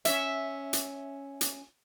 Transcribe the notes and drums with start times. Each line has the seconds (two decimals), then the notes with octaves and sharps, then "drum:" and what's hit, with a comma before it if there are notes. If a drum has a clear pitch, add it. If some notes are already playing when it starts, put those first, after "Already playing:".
0.05 C#4 E5, drum: hi-hat
0.73 drum: hi-hat
1.41 drum: hi-hat